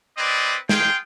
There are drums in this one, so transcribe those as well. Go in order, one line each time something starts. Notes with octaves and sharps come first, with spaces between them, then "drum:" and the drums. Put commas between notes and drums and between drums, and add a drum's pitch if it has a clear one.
C4 E4 B4 D5 D#5
F4 G#4 G5, drum: snare